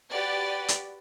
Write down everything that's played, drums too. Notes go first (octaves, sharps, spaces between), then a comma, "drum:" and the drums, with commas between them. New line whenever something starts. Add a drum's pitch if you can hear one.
F#4 G4 B4 D5
drum: hi-hat